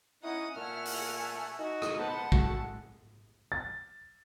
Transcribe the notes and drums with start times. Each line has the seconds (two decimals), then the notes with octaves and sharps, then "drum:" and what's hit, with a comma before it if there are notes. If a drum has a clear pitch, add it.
0.23 C#4 D#4 E4 F#5 D#6
0.56 A#2 A3 E5 F#5 G#5 F6
0.85 drum: open hi-hat
1.59 D#4 F#4
1.82 drum: rim click
1.97 B3 B4 C5 F#5 A5
2.32 G#3 A3 F#4, drum: kick
3.52 A6